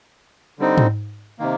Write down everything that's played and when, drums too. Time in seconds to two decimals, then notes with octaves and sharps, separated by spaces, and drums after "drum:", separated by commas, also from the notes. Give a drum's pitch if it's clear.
0.59 D3 G3 C4 D#4
0.78 drum: tom G#2
1.39 C3 D#3 A#3